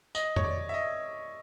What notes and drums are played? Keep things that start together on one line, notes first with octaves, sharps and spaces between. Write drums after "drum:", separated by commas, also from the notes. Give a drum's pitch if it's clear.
D#5, drum: tambourine
C#5, drum: tom F2
D5
E5
D#5